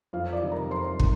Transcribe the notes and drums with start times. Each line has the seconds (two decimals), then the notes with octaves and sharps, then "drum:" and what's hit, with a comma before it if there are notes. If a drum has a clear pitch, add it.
0.13 F2 F4 F5
0.33 D5
0.42 C3 D#3 G3
0.52 A#4 A#5
0.70 F2 C5 C6
1.00 C3 D#3 G3, drum: kick